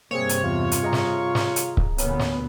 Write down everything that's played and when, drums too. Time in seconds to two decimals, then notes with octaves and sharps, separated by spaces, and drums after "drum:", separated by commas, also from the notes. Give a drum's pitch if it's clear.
0.11 G2 C3 A#3 C4 G#4 C#5
0.29 drum: hi-hat
0.44 E2 F4
0.72 drum: hi-hat
0.83 G#4 D#5 A#5
0.93 drum: snare
1.35 drum: snare
1.56 drum: hi-hat
1.77 drum: kick C#1
1.98 D2 A#2 B3 C#4, drum: hi-hat
2.19 drum: snare